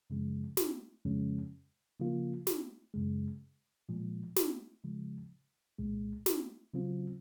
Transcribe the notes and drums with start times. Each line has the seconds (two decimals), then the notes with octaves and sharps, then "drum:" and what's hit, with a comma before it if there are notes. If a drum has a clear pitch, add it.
0.10 F#2 C#3 F3 G#3
0.57 drum: snare
1.05 F2 C#3 F3 G#3 C#4
2.00 C#3 F3 A#3 F4
2.47 drum: snare
2.94 F#2 C#3 G#3
3.89 A#2 F3 G#3
4.36 drum: snare
4.84 C#3 F3 G#3
5.79 C2 A#2 G#3
6.26 drum: snare
6.74 C#3 F#3 C4 F4